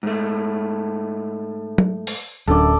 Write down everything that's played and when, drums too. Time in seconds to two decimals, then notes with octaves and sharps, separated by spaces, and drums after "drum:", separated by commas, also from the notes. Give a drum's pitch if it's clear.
0.03 G#2 A3
1.78 drum: tom F#3
2.07 drum: open hi-hat
2.48 D1 F#2 D4 A4 D5